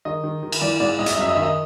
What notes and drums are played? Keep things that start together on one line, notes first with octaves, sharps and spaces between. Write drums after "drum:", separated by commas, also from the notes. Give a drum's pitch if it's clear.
D#3 D#5
D#3
D#3
drum: cymbal
E3 D5
G#2 D5
G#2 D#5
E5, drum: hi-hat
D#5
F#2 E5
D#5
D#3 E5
D#5